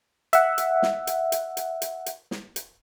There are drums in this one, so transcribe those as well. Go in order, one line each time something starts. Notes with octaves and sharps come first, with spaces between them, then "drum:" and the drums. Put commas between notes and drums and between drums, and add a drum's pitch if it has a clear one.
E5 F#5, drum: hi-hat
drum: hi-hat
drum: snare
drum: hi-hat
drum: hi-hat
drum: hi-hat
drum: hi-hat
drum: hi-hat
drum: snare
drum: hi-hat